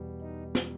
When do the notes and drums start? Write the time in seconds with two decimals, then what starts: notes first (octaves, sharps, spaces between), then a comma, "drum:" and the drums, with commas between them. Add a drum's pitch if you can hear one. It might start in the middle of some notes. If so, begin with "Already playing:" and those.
Already playing: E2 B2 G3
0.21 D#4
0.55 drum: snare